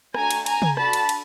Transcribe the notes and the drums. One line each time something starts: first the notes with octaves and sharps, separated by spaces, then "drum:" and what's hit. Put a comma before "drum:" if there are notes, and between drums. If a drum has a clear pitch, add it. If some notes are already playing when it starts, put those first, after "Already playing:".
A3 D4 F#4 G#5 A#5, drum: rim click
drum: cymbal
G#5 A#5, drum: cymbal
drum: tom
D4 F#4 A4 A5 B5, drum: rim click
drum: cymbal
drum: cymbal